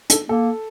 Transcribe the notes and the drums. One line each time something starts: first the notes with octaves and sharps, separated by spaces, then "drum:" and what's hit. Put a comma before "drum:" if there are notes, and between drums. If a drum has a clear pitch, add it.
A4, drum: hi-hat
A#3 A4